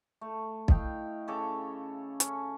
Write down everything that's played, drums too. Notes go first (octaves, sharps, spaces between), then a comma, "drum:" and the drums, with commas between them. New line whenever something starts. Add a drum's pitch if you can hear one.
A3
E4 D#5 F5 G5, drum: kick
C#3 A4 C#5 D6
C#4 A4, drum: hi-hat